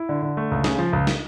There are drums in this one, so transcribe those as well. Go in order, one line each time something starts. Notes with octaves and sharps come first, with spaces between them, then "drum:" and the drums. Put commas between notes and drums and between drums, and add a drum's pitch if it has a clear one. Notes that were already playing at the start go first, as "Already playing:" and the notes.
Already playing: E4
D3
D3
A3
C#2
C#3, drum: snare
F3
C#2
drum: snare